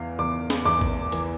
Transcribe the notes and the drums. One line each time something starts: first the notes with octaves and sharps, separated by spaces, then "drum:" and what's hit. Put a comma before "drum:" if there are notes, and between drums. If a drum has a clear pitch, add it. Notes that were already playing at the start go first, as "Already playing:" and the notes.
Already playing: E2 E3 F5
E2 D6
drum: snare
E2 D6
drum: kick A1
E3, drum: hi-hat